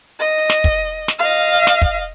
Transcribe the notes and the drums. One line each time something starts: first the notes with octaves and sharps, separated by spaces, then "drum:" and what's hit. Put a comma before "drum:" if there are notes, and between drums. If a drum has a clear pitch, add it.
D#5
drum: snare
drum: kick
drum: snare
D#5 F5
drum: snare
drum: kick